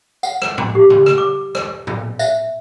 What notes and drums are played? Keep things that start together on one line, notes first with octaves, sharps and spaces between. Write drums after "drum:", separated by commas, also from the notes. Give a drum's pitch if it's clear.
F#5, drum: tambourine
drum: rim click
drum: tom A2
G4
drum: tom C#3
drum: rim click
D6
drum: rim click
drum: tom
E5, drum: tambourine